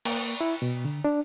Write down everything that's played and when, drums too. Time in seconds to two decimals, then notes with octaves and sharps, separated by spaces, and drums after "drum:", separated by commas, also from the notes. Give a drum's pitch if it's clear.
0.05 A#3, drum: cymbal
0.41 E4
0.62 B2
0.85 D3
1.04 D4